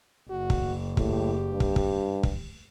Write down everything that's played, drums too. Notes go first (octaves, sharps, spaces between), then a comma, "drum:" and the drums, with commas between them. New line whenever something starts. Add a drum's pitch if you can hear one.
F#1 F#4
drum: kick
A2 G4, drum: kick
G2
drum: kick
drum: kick
drum: kick